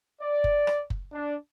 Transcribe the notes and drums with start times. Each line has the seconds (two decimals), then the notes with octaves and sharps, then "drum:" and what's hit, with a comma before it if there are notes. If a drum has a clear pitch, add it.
0.22 D5
0.44 drum: kick F#1
0.67 drum: rim click
0.90 drum: kick F#1
1.13 D4